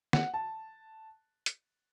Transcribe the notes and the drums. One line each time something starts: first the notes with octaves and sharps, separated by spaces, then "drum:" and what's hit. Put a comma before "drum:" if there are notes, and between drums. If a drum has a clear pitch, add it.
F#5, drum: snare
A5
drum: hi-hat